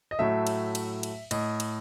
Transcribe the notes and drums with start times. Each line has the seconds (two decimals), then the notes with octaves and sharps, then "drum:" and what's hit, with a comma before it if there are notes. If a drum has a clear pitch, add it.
0.11 D#5
0.19 A2 F#3 A3 E5
0.47 drum: cymbal
0.75 drum: cymbal
1.03 drum: cymbal
1.31 A2 D#5, drum: cymbal
1.60 drum: cymbal